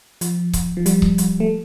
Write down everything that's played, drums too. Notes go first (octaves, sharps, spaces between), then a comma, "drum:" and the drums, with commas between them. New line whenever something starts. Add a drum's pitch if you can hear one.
F3, drum: hi-hat
drum: kick C#1, hi-hat
F3
G3, drum: hi-hat
drum: kick C#1
drum: hi-hat
A3